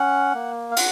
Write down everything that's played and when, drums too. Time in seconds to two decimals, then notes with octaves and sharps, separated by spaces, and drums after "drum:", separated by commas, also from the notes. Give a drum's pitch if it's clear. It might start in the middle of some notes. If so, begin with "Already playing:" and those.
Already playing: C#4 F#5
0.35 A#3
0.71 F5
0.77 F#5, drum: cymbal